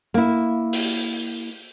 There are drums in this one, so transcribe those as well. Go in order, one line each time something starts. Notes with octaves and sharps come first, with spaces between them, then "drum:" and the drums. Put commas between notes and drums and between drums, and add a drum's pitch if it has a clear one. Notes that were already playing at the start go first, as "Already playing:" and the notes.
A#3 E4
drum: open hi-hat